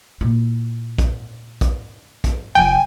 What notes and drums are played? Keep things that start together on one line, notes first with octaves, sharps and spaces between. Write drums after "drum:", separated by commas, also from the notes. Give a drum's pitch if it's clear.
A#2 E4
drum: kick, hi-hat
drum: kick, hi-hat
drum: kick, hi-hat
F1 F3 G5 G#5